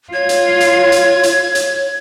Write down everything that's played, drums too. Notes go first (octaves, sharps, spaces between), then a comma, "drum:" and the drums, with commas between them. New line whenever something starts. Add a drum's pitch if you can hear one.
F4 C#5 G#6
drum: hi-hat
drum: hi-hat
drum: hi-hat
drum: hi-hat
drum: hi-hat